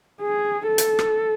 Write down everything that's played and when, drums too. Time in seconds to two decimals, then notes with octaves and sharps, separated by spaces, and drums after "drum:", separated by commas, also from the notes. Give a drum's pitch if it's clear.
0.21 G#4
0.68 A4
0.78 drum: hi-hat
0.99 drum: rim click